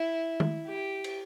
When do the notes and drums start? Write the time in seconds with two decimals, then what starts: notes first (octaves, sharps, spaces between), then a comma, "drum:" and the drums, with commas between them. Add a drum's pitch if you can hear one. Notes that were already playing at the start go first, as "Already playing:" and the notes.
Already playing: E4
0.40 drum: tom D#3
0.68 G4
1.04 drum: cymbal